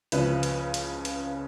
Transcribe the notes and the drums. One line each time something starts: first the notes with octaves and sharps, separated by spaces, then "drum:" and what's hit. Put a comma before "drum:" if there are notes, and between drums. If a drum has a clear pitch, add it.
C#2 C#3 F3 B4, drum: hi-hat
drum: hi-hat
drum: hi-hat
drum: hi-hat